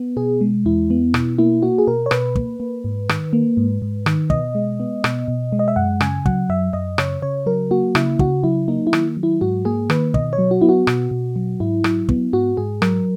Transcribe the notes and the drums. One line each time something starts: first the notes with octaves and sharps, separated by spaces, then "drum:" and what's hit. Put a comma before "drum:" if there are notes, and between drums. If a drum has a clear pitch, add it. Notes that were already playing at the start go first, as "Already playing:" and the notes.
Already playing: B3
B2 G#4
G#3
E2 E4
B3
B2, drum: rim click
A#3 E4
A#3 F#4
G#4
B2 A#4
C#5
B2 B4, drum: rim click
A#3, drum: kick
A#3
G#2
D#3, drum: rim click
A#3
G#2
G#2
D#3, drum: rim click
B2 D#5, drum: kick
G#3
B3
B2, drum: rim click
B2
G#3
D#5
E5
F#2 F#5
C#3 G#5, drum: rim click
F#3 F#5, drum: kick
F#2 E5
F#2 D#5
C#3 C#5, drum: rim click
C#3 C#5
F#3 A#4
A#3 F#4
C#3 E4, drum: rim click
C#3 F#4, drum: kick
F#3 E4
A#3 D#4
E4
D#3, drum: rim click
F#3
E4
G#2 F#4
A#3 G#4
D#3 B4, drum: rim click
B2 D#5, drum: kick
C#5
F#3
F#4
B3 E4
F#4
B2, drum: rim click
B2
F#3
G#2 E4
F#3, drum: rim click
B3, drum: kick
G#2 F#4
G#2 G#4
F#3 A#4, drum: rim click